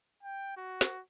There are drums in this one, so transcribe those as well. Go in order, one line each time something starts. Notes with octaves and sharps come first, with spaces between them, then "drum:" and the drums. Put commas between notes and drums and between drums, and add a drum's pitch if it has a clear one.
G5
F#4
drum: snare